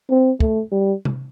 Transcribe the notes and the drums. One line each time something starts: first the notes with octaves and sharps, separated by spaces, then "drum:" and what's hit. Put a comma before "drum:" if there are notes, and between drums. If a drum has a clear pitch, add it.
C4
A3, drum: kick
G3
drum: tom C3